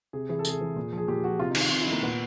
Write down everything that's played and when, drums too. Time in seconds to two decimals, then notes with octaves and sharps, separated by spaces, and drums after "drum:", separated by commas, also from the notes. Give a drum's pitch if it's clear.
0.13 C3 G#4
0.29 E3 G#4
0.39 A4
0.45 C3 G#4, drum: tambourine
0.61 E3
0.76 A#2
0.93 F3 G#4
1.08 A#2 G4
1.24 F3 F#4
1.39 C3 F4
1.50 D#4
1.55 D#3, drum: cymbal
1.61 F4
1.71 C3 F4
1.81 E4
1.87 D#3 A#3
2.03 A#2 B3